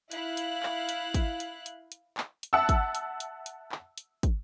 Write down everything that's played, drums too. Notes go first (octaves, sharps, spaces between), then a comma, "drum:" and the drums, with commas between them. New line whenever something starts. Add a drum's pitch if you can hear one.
E4 F5 F#6, drum: hi-hat
drum: hi-hat
drum: clap
drum: hi-hat
drum: kick, hi-hat
drum: hi-hat
drum: hi-hat
drum: hi-hat
drum: clap
drum: hi-hat
E5 F#5 A5 E6
drum: kick, hi-hat
drum: hi-hat
drum: hi-hat
drum: hi-hat
drum: clap
drum: hi-hat
drum: kick, hi-hat